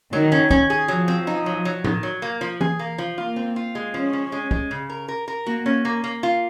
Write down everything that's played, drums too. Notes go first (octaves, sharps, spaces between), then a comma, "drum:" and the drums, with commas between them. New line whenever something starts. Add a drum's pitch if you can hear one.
D#3 F#3
C#4
C#4, drum: kick C2
G#4
F3 F#3
C4
D#4
F#3
F#3
D#3, drum: tom A2
F#3
A#3
F3
G#4, drum: tom E3
A#3
F3
A#3 F4
C4
F4
G#3
F3 C#4
F3
G#3
G#3, drum: kick C2
C#3
A#4
A#4
A#4
A#3 F#4
C#4
A#3
A#3
F4